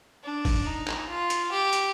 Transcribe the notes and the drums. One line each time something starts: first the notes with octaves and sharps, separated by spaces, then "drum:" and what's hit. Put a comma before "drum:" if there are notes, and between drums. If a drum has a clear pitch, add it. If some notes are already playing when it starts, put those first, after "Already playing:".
D4
drum: kick A1, open hi-hat
D#4
drum: clap
F4
drum: hi-hat
G4
drum: hi-hat